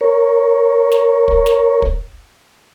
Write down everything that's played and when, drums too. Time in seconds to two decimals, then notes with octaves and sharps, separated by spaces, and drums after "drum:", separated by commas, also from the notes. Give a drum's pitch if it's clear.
0.01 A#4 C#5
0.92 drum: snare
1.28 drum: kick
1.46 drum: snare
1.82 drum: kick